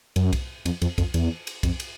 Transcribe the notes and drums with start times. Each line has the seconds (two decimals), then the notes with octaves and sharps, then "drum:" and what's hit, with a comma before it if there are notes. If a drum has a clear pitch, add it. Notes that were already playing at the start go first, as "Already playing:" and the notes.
0.16 F#2, drum: cymbal
0.33 drum: kick, cymbal
0.66 F2, drum: cymbal
0.82 F2, drum: cymbal
0.98 F2, drum: kick, cymbal
1.14 E2, drum: cymbal
1.47 drum: cymbal
1.63 F2, drum: kick, cymbal
1.80 drum: cymbal